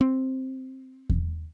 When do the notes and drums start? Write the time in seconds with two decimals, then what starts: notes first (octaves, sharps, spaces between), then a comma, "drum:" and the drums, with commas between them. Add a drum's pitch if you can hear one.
0.01 C4
1.10 drum: kick E2